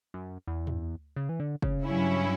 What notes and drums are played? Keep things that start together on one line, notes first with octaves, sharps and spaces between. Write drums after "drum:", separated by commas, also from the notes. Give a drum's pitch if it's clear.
F#2
E2
drum: tom
C#3
E3
D3
C#3, drum: kick
G2 F#3 C#4 E4